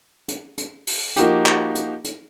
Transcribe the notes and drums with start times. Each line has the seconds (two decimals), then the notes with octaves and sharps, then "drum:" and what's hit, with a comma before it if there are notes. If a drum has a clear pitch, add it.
0.28 drum: hi-hat
0.58 drum: hi-hat
0.87 drum: open hi-hat
1.16 F3 A#3 D#4 F#4 G4, drum: hi-hat
1.46 drum: clap
1.75 drum: hi-hat
2.04 drum: hi-hat